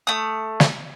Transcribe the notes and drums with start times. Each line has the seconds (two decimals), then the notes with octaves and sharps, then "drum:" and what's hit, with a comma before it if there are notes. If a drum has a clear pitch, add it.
0.07 A3 D#6
0.60 drum: snare